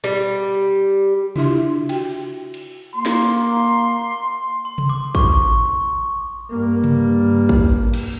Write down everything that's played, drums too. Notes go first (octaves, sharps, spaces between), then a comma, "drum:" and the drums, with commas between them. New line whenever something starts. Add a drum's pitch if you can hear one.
G3, drum: tambourine
D4 E4 F4 G4 E5 C6, drum: tom C3
F#4 G5, drum: cymbal
drum: cymbal
A#3 C6
drum: snare
C6
drum: tom C3
D6
C#6, drum: kick
G2 A#3
drum: tom C3
drum: kick
drum: cymbal